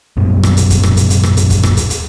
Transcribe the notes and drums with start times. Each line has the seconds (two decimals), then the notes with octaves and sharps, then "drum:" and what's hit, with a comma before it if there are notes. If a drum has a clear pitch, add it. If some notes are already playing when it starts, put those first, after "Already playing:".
0.17 D#1 F#2 B2 G3
0.43 drum: rim click
0.57 drum: hi-hat
0.70 drum: kick, hi-hat
0.83 drum: rim click
0.97 drum: hi-hat
1.10 drum: hi-hat
1.23 drum: rim click
1.37 drum: hi-hat
1.50 drum: kick, hi-hat
1.63 drum: rim click
1.77 drum: hi-hat
1.90 drum: hi-hat